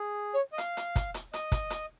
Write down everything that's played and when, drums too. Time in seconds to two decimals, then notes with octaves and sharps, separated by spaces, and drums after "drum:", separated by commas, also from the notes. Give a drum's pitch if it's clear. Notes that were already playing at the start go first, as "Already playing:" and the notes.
Already playing: G#4
0.33 C#5
0.53 D#5
0.58 F5, drum: hi-hat
0.77 drum: hi-hat
0.96 drum: kick, hi-hat
1.14 drum: hi-hat
1.33 D#5, drum: hi-hat
1.52 drum: kick, hi-hat
1.70 drum: hi-hat